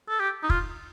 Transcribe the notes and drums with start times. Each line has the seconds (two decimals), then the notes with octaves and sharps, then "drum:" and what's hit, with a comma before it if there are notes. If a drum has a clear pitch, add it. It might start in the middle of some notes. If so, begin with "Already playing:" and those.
0.09 A4
0.20 G4
0.43 D#4
0.50 F4, drum: kick